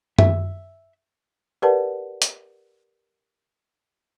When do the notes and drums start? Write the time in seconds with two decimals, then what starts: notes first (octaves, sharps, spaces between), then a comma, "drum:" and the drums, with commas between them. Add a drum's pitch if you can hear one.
0.19 E5, drum: tom F#2
1.62 G4 A#4 B4 D5 F#5 A5
2.22 drum: hi-hat